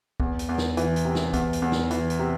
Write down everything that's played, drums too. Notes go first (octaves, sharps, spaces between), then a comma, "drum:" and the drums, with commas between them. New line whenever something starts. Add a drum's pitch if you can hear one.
E2, drum: kick
drum: hi-hat
E2
drum: snare
E3, drum: hi-hat
drum: hi-hat
C3
drum: snare
E2, drum: kick, hi-hat
drum: hi-hat
E2
drum: snare
E3, drum: hi-hat
drum: hi-hat
C3